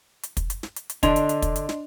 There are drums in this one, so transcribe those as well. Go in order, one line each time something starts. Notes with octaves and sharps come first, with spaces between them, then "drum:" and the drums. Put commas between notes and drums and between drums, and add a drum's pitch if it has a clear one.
drum: hi-hat
drum: kick, hi-hat
drum: hi-hat
drum: snare
drum: hi-hat
drum: hi-hat
D3 D4 D#5 C6 F7, drum: kick, hi-hat
drum: hi-hat
drum: hi-hat
drum: kick, hi-hat
drum: hi-hat
drum: snare